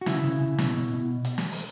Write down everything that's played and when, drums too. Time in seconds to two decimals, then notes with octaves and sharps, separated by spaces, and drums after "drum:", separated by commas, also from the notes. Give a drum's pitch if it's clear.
0.01 F#4
0.06 C#3 E4, drum: snare
0.23 C#3
0.41 C#3
0.58 B2, drum: snare
0.77 B2
0.94 B2
1.25 drum: hi-hat
1.38 drum: snare
1.51 drum: open hi-hat